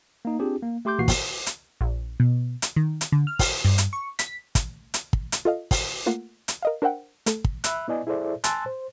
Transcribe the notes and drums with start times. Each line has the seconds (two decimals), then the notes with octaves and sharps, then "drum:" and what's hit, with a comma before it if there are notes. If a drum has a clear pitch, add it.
0.25 A#3 D#4
0.39 C4 D4 F4 G4 G#4
0.62 A#3
0.85 A3 G4 C6 D6 G6
0.98 B1 A#2 E3 A#3 F#4 C7
1.08 drum: kick, open hi-hat
1.46 drum: hi-hat
1.81 A#1
2.20 B2
2.62 drum: hi-hat
2.76 D#3
3.01 drum: hi-hat
3.12 D3
3.27 F6
3.39 drum: kick, open hi-hat
3.65 G2
3.78 drum: hi-hat
3.93 C#6
4.19 B6, drum: hi-hat
4.55 drum: kick, hi-hat
4.94 drum: hi-hat
5.13 drum: kick
5.32 drum: hi-hat
5.45 F4 A4 D#5 F5
5.71 drum: kick, open hi-hat
6.06 A3 A#3 F4 A#4 F#5
6.48 drum: hi-hat
6.63 A#4 D#5 F5
6.82 D4 A#4 C5 E5 F#5 G5
7.26 A3 A4, drum: hi-hat
7.44 drum: kick
7.64 E5 B5 E6 F#6, drum: hi-hat
7.88 B3 E4 B4 D5 D#5 G#5
8.07 E4 G#4 A4 C5 D5 E5
8.44 G#5 A5 C6 E6 F#6 A6, drum: hi-hat
8.66 C5